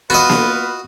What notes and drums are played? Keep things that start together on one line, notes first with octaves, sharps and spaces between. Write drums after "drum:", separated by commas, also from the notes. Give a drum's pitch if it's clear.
B3 F4 F#4 B4 D#5
drum: snare A#3